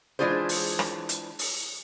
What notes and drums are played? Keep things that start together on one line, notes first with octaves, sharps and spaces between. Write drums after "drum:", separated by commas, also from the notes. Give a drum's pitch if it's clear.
E3 G#3 D4 F4 G#4 C5
drum: open hi-hat
drum: rim click
drum: hi-hat
drum: open hi-hat